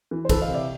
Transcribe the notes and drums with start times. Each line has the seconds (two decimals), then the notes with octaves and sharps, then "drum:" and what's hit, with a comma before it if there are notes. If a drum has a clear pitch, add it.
0.11 E3
0.25 C5
0.29 E3 A4 B4, drum: kick, cymbal
0.42 D#5 F5
0.48 C3
0.54 D5 E5